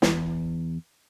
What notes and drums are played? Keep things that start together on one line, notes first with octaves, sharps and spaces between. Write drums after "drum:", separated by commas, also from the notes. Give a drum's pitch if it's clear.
E2, drum: snare